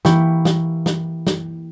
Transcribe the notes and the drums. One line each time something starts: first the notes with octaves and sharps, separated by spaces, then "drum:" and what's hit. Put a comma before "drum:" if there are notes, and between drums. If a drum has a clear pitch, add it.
E3 A#3 E4 G4 G5 C#6, drum: snare
drum: snare
drum: snare
drum: snare